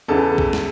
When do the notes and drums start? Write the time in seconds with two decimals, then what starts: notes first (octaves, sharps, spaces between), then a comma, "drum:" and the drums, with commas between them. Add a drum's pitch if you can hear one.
0.08 E2 C#3 E3 A4
0.38 drum: kick
0.53 drum: snare